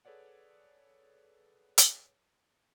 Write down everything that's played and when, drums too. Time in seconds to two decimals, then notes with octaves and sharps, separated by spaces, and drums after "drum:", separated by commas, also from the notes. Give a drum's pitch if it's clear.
0.05 G#4 A4 B4 C#5 D5 F#5
1.78 drum: hi-hat